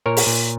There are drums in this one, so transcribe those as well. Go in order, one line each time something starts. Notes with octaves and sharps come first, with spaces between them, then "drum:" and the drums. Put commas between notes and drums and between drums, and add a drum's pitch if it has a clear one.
A#2 A#4 C#5
drum: open hi-hat
A#2